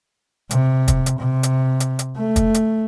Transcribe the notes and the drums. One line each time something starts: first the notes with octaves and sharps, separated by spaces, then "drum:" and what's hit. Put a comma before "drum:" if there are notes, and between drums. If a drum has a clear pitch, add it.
C3, drum: hi-hat
drum: kick, hi-hat
drum: hi-hat
C3
drum: hi-hat
drum: hi-hat
drum: hi-hat
A3
drum: kick, hi-hat
drum: hi-hat